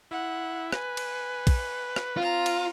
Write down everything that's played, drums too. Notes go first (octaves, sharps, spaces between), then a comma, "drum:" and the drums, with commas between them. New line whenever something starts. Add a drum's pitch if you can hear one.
E4 F#5
B4 G#5, drum: rim click
drum: cymbal
drum: kick, cymbal
drum: rim click
C4 F4 A#5
drum: cymbal